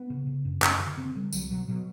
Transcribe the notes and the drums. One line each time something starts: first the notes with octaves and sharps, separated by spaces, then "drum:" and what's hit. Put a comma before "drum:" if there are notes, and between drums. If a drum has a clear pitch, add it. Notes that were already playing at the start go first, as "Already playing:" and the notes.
Already playing: B3
C#3
C#3
F#2
F#2 C#4, drum: clap
D3
D3 C4
D3 G3
C2 F#3, drum: tambourine
B2 F#3
B2 F#3